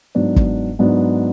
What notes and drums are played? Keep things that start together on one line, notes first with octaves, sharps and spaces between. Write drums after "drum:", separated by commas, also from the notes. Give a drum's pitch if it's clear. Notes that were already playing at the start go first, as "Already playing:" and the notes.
G#2 F#3 B3 D4
drum: kick G1
G#2 F#3 B3 D4